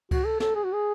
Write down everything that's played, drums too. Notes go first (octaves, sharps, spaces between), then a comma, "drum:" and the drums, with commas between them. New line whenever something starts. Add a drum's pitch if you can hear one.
F#4, drum: kick C#2, cymbal
A4
A4, drum: snare
G#4
F#4
G#4